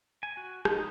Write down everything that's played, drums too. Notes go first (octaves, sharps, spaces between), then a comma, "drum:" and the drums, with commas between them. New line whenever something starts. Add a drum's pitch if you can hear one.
G#5
F#4
D#4, drum: rim click